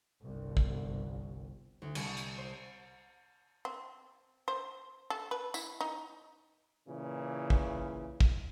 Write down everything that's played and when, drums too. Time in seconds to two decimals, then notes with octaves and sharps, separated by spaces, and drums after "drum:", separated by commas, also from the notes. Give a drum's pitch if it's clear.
0.23 G1 C2
0.57 drum: kick
1.82 D2
1.95 C2, drum: cymbal
2.17 G#6, drum: hi-hat
2.38 C5
3.65 C4
4.48 C5
5.10 A4
5.31 B4
5.54 E4, drum: tambourine
5.81 D#4
6.88 A#2 C#3 E3
7.50 drum: kick
8.20 drum: kick